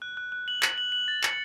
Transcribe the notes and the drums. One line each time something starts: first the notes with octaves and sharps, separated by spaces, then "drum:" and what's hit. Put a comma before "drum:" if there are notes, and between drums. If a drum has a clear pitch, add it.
F#6
F#6
F#6
F#7
F#7, drum: clap
F#7
F#7
A6
C#7, drum: clap